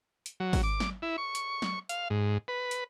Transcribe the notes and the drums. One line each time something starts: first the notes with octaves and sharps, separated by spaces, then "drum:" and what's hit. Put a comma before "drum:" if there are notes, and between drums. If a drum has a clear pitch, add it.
drum: hi-hat
F#3
drum: kick G#1, open hi-hat
D6
drum: snare
E4
C#6
drum: hi-hat
drum: snare
F5, drum: hi-hat
G#2
B4
drum: hi-hat